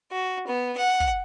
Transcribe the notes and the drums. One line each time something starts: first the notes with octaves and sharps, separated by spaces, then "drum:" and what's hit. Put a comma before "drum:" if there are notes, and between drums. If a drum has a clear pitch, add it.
F#4
B3
F#5
drum: kick